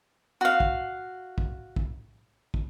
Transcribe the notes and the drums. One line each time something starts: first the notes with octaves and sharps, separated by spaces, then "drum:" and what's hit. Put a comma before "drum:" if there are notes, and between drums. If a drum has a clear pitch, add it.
F#4 F5
drum: kick
drum: kick
drum: kick
drum: kick